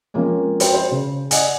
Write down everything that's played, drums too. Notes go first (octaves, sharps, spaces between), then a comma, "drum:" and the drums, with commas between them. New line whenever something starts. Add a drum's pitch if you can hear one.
F3 G#3 A#3 C4 C#4
F#4 B4 C5 G5, drum: hi-hat
C5
C#3
D5 D#5 F#5 G#5, drum: hi-hat